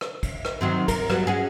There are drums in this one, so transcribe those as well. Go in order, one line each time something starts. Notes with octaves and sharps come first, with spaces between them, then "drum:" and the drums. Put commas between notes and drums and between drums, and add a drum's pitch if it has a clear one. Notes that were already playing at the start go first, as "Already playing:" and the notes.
drum: rim click
drum: kick, cymbal
drum: rim click
D#3 F#3 C4
A#4, drum: kick, cymbal
F#3 G3 B3, drum: rim click
C#4 F#4 G#4